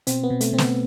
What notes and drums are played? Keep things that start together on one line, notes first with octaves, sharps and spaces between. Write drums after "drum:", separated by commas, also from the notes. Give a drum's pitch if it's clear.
B2 C4, drum: hi-hat
B3
B2
A3, drum: hi-hat
B2 C4
B3, drum: snare